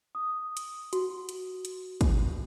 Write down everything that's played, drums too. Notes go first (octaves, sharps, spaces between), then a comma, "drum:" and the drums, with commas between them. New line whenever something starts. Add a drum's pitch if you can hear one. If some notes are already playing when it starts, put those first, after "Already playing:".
D#6
drum: hi-hat
F#4, drum: hi-hat
drum: hi-hat
drum: hi-hat
drum: kick, hi-hat